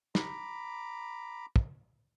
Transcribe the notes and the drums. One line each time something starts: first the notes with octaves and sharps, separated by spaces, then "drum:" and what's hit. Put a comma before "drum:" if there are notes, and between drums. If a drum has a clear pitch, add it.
A#5 B5 D6, drum: snare
drum: kick